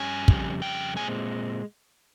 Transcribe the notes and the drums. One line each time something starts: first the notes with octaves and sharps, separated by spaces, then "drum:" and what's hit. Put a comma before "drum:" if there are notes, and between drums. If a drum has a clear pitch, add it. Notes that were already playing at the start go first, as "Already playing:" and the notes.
Already playing: G2 G3 C#4 G#5
F2 C#3 G3, drum: kick
G5
A#2 G#3 C4 G#5